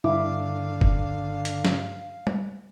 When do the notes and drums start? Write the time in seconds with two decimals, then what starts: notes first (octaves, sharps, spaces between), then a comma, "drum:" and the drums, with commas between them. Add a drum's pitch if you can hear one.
0.04 G2 D3 E4 F5 D6
0.81 drum: kick F1
1.45 drum: hi-hat
1.65 drum: snare
2.27 drum: tom G3